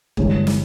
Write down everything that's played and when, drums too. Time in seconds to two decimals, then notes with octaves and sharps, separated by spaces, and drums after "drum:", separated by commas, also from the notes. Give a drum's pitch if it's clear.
0.17 G1 G2 E3 G#3 C#5, drum: kick
0.47 drum: snare